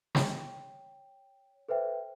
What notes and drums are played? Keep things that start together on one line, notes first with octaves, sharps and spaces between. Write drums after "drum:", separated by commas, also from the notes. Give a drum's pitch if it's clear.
C#5 G5, drum: snare
A4 B4 C5 E5 G5